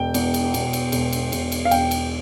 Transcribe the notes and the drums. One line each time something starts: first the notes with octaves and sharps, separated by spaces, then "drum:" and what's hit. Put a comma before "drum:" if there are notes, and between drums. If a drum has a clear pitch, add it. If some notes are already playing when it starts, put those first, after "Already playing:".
Already playing: E1 G5
E2, drum: cymbal
drum: cymbal
B2, drum: cymbal
drum: cymbal
E1, drum: cymbal
drum: cymbal
E1, drum: cymbal
drum: cymbal
F5
E2 G5, drum: cymbal
drum: cymbal